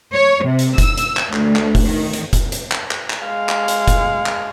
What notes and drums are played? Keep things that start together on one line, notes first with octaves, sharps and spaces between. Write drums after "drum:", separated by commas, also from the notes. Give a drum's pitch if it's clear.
C#5
C3
drum: hi-hat
E6, drum: kick F1, hi-hat
drum: hi-hat
drum: clap
D2, drum: clap
drum: clap
drum: kick F1, open hi-hat
D#3
drum: hi-hat
drum: kick F1, hi-hat
drum: hi-hat
drum: clap
drum: clap
drum: clap
G#3 F5
drum: clap
drum: hi-hat
drum: kick F1, hi-hat
drum: clap